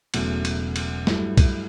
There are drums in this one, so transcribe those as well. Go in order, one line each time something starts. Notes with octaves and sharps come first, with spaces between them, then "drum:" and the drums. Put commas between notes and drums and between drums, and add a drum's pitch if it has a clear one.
E1 E2 C#3 F#3 A3, drum: cymbal
drum: cymbal
drum: cymbal
G2 F#3 A3 E4, drum: snare
drum: kick C2, cymbal